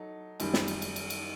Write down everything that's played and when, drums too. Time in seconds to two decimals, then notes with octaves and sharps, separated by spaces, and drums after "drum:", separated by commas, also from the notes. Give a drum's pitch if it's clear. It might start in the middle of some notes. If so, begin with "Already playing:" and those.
Already playing: F#3 D#4 A4
0.40 F#2 D#3 G3, drum: cymbal
0.54 drum: snare
0.68 drum: cymbal
0.82 drum: cymbal
0.96 drum: cymbal
1.10 drum: cymbal